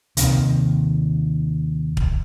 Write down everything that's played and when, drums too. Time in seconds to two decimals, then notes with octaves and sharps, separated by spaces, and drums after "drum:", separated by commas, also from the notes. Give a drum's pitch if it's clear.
0.17 D#2 C3 D#3, drum: hi-hat
1.97 drum: kick